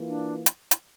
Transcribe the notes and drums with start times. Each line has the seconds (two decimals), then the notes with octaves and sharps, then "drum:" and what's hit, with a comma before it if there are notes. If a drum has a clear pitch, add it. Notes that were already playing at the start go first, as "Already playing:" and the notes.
Already playing: E3 A#3 F4
0.08 D4
0.46 drum: hi-hat
0.71 drum: hi-hat